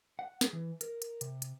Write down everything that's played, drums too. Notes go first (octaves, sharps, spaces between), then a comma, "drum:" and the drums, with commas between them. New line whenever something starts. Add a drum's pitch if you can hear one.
F#5
G#4, drum: snare
E3
A#4, drum: hi-hat
drum: hi-hat
C3, drum: hi-hat
drum: hi-hat